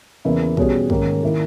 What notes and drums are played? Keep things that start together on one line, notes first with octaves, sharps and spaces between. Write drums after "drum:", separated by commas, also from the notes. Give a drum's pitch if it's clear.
E2 C#3 E3 A#3 E4
B2 G3 C#4 G#4 C#5, drum: kick
G#2 D#3 A#3 C#4, drum: kick
D#3 A#3 E4